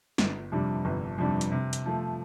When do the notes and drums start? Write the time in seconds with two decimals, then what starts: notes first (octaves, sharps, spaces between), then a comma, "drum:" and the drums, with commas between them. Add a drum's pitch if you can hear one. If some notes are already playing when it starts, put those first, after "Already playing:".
0.18 G1, drum: snare
0.52 F2 C3 G3 D4
0.85 G1
1.18 F2 C3 G3 D4
1.41 drum: hi-hat
1.52 C3
1.73 drum: hi-hat
1.86 F3 A3